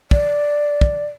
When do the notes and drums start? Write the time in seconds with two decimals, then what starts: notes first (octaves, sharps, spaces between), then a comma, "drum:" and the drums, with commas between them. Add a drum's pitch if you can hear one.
0.11 D5, drum: kick
0.81 drum: kick